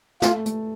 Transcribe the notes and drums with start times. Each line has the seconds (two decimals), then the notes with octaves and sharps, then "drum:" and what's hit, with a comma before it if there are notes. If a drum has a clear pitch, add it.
0.22 A3 F4, drum: snare
0.46 A3, drum: hi-hat